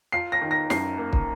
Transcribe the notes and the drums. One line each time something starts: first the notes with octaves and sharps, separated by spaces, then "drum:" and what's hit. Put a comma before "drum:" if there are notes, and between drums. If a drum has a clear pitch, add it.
F4 C7
A#6
D#3
A#6
F#2 C7, drum: snare
A#3
drum: kick